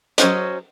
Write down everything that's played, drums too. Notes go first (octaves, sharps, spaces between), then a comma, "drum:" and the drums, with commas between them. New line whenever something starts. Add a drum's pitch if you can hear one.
F#3 C#4 F#4 C5 D#5, drum: hi-hat